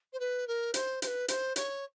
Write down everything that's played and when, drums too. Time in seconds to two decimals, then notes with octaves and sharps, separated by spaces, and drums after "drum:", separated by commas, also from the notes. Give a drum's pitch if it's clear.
0.13 C5
0.20 B4
0.47 A#4
0.74 C5, drum: hi-hat
1.02 C5, drum: hi-hat
1.07 B4
1.28 C5, drum: hi-hat
1.56 C#5, drum: hi-hat